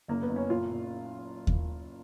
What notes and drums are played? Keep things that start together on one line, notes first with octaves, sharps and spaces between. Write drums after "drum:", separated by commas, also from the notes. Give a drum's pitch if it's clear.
F#1 A#3
B3
F#1
C#4
A#2 F4
A#2
drum: kick D#2